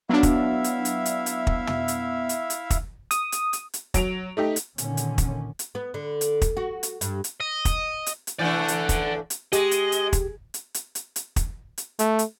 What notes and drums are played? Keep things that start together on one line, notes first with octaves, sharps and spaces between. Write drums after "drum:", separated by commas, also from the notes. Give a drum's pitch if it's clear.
F#3 B3 D4 E4 E5 F5
drum: kick, hi-hat
drum: hi-hat
drum: hi-hat
drum: hi-hat
drum: hi-hat
drum: kick
drum: tom
drum: hi-hat
drum: hi-hat
drum: hi-hat
drum: kick, hi-hat
D#6, drum: hi-hat
drum: hi-hat
drum: hi-hat
drum: hi-hat
F#3 D7 F7, drum: kick, hi-hat
A3 D#4 G4
drum: hi-hat
A#2 D3 D#3 C#4, drum: hi-hat
drum: hi-hat
drum: kick, hi-hat
drum: hi-hat
B3
D3
drum: hi-hat
drum: kick, hi-hat
F#4
drum: hi-hat
G2, drum: hi-hat
drum: hi-hat
D#5
drum: kick, hi-hat
drum: hi-hat
drum: hi-hat
E3 A3 D4 D5 F#5
drum: hi-hat
drum: kick, hi-hat
drum: hi-hat
G#3 G4 D#5, drum: hi-hat
drum: hi-hat
drum: hi-hat
drum: kick, hi-hat
drum: hi-hat
drum: hi-hat
drum: hi-hat
drum: hi-hat
drum: kick, hi-hat
drum: hi-hat
A3, drum: hi-hat
drum: hi-hat